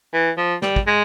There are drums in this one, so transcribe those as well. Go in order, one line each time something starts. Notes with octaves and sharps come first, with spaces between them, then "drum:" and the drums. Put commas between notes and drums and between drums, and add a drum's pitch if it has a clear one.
E3
F3
G3, drum: snare
drum: kick
G#3